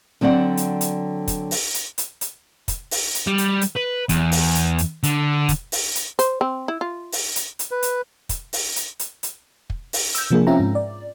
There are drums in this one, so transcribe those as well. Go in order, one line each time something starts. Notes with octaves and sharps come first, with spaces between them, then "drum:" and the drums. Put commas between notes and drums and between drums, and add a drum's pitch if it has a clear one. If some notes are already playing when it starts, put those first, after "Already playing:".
D3 F#3 C4 D5 F#5
drum: hi-hat
drum: hi-hat
drum: kick, hi-hat
drum: open hi-hat
drum: hi-hat
drum: hi-hat
drum: hi-hat
drum: kick, hi-hat
drum: open hi-hat
drum: hi-hat
G3
drum: hi-hat
drum: hi-hat
B4
E2, drum: kick, hi-hat
drum: open hi-hat
drum: hi-hat
drum: hi-hat
D3, drum: hi-hat
drum: kick, hi-hat
drum: open hi-hat
drum: hi-hat
C5, drum: hi-hat
C4
E4
F4
drum: open hi-hat
drum: hi-hat
drum: hi-hat
B4
drum: hi-hat
drum: kick, hi-hat
drum: open hi-hat
drum: hi-hat
drum: hi-hat
drum: hi-hat
drum: kick
drum: open hi-hat
E6 G6, drum: hi-hat
C3 F3 A#3 D4 G#4 A#4
C4 C#4 F4 E5 G5 A#5
G#2
D5